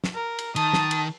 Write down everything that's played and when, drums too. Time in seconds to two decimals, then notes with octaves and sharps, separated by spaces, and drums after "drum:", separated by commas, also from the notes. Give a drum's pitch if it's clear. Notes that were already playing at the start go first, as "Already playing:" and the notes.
0.04 drum: snare
0.15 A#4
0.39 drum: cymbal
0.56 D#3 A5 D#6, drum: cymbal
0.73 drum: snare
0.91 drum: cymbal